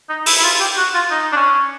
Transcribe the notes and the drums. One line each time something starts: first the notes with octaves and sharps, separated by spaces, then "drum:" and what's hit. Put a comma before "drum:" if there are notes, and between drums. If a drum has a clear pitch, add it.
D#4
E4, drum: open hi-hat
E4
F4
G4
F#4
F4
D#4
D4
C#4